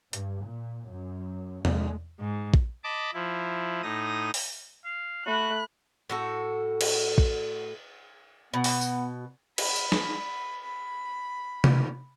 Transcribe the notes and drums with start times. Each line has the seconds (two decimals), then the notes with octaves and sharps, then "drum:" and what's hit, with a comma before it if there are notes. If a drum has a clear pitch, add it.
0.13 G2, drum: hi-hat
0.44 A#2
0.88 F#2
1.65 G#3, drum: tom E2
2.20 G#2
2.54 drum: kick
2.84 D#5 A5 B5 D6
3.14 F3 E4
3.82 A2 D#4 D#6 A#6
4.34 drum: open hi-hat
4.85 F5
5.26 A3 F#4 B5 F#6
6.10 A2 F#4 A4
6.81 drum: cymbal
7.18 drum: kick
8.53 B2 B3
8.64 drum: open hi-hat
8.81 drum: tambourine
9.58 B5, drum: cymbal
9.76 drum: tambourine
9.92 drum: snare
10.63 B5
11.64 drum: tom C3